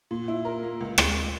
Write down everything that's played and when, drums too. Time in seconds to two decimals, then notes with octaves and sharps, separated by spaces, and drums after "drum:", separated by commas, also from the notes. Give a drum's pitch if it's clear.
0.11 A#2
0.28 E4
0.45 A#4
0.63 A#3
0.80 C#2
0.98 G#3, drum: rim click